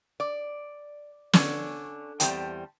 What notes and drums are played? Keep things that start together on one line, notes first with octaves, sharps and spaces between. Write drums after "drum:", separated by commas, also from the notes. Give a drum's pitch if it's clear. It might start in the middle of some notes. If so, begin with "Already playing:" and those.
D5
D3 C#4 D4, drum: snare
E2 G3 C4 G5 A5, drum: hi-hat